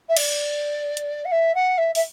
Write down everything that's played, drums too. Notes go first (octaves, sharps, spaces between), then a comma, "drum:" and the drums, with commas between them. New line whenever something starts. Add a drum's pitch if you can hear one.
E5
D5, drum: cymbal
drum: hi-hat
F#5
E5
F#5
E5
E5, drum: open hi-hat